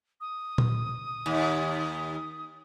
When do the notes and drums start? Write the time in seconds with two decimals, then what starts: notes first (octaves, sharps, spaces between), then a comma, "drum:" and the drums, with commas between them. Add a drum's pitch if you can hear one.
0.21 D#6
0.58 drum: tom A#2
1.26 D#2